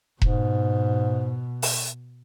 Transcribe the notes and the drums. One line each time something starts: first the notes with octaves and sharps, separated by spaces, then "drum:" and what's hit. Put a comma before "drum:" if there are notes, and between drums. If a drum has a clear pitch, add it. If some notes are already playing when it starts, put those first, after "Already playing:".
G#2 B2, drum: kick E1
drum: open hi-hat